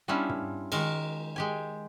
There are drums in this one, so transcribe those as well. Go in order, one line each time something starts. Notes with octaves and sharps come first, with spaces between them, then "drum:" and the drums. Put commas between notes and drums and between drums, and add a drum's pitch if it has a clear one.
G3 B3 C#4 D4 E4 F4
drum: tom
D#3 G#3 A#4, drum: cymbal
G#3 G4 G#5